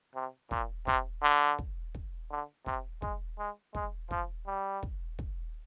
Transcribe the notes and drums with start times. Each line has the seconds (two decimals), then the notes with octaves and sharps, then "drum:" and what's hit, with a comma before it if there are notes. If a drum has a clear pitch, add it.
0.15 C3
0.51 A#2, drum: kick
0.87 C3, drum: kick
1.23 D3
1.59 drum: kick
1.95 drum: kick
2.31 D3
2.66 C3, drum: kick
3.02 G#3, drum: kick
3.39 G#3
3.75 G#3, drum: kick
4.11 F3, drum: kick
4.47 G3
4.83 drum: kick
5.19 drum: kick